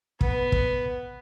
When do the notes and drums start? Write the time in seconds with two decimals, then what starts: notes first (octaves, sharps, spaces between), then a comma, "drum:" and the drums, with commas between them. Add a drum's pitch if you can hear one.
0.21 B3, drum: kick
0.52 drum: kick